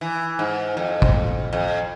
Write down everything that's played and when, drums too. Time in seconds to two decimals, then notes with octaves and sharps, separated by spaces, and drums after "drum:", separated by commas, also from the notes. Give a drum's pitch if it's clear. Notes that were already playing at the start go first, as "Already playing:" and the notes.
0.01 E3
0.39 G#2
0.77 F2
1.02 drum: kick
1.53 F2